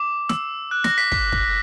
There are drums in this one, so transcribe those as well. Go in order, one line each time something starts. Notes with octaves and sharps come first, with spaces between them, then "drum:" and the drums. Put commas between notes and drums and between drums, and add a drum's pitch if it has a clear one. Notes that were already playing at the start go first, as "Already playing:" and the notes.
Already playing: D6
E6, drum: snare
F#6
A#6, drum: snare
B6
B6, drum: kick
drum: kick